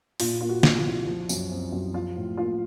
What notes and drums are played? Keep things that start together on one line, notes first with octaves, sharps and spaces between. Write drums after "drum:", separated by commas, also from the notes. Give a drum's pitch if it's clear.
A#2 F4, drum: open hi-hat
A#3 F4
F#4
F3, drum: snare
F4
C2
F3
F#2, drum: tambourine
C4
F#2
F3 F4
A2
A#3 F4